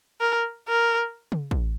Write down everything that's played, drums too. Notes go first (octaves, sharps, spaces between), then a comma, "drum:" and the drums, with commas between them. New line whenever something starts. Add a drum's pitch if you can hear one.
A#4
A#4
drum: tom C#3
drum: kick